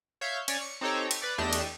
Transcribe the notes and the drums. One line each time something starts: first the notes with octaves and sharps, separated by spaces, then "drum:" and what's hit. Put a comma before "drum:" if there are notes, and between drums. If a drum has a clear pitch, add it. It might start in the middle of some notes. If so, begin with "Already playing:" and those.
C#5 E5 F5 G6
C#4 C#5 D5, drum: cymbal
C#7
C4 D#4 G4 A4 C#5 A#5
drum: cymbal
B4 D5
E2 A3 D4 G4 D#5 E7
drum: cymbal